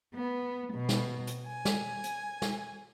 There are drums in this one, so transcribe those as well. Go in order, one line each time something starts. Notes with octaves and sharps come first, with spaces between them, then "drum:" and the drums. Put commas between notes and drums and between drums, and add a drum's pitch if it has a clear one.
B3
B2
drum: snare
drum: hi-hat
G#5
drum: snare
drum: hi-hat
drum: snare